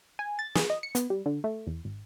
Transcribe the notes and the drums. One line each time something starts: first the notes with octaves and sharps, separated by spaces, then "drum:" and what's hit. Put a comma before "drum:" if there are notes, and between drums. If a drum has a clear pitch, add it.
G#5
A6
G#4, drum: snare
D#5
C#7
B3, drum: hi-hat
G3
D3
A3
E2
G#1